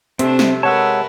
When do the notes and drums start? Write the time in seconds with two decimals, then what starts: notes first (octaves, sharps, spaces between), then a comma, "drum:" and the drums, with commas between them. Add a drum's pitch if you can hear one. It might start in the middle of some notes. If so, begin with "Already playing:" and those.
0.19 C3 A3 C4 D4, drum: hi-hat
0.39 drum: snare
0.63 G#3 A#4 B4 C#5 F#5 A5 E6